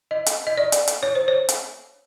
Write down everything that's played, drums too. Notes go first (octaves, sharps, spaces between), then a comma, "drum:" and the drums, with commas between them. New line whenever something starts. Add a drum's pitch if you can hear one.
D#5
drum: hi-hat
D#5
D5
drum: hi-hat
drum: hi-hat
C#5
C5
C#5
drum: hi-hat